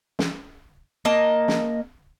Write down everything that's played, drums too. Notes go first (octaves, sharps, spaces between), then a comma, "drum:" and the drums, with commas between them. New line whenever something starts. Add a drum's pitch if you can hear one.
drum: snare
A#3 D#5 A5
drum: snare